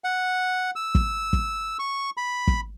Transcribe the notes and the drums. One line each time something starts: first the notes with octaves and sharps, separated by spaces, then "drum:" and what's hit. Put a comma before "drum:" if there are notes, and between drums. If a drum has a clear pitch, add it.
F#5
E6
drum: kick
drum: kick
C#6
B5
drum: kick